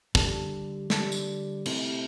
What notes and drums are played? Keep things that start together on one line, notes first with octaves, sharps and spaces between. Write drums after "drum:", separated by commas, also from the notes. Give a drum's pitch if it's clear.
D3 G3 D4 A4, drum: kick
D3 G3 D4 A4, drum: snare
drum: tambourine
C3 A3 E4, drum: cymbal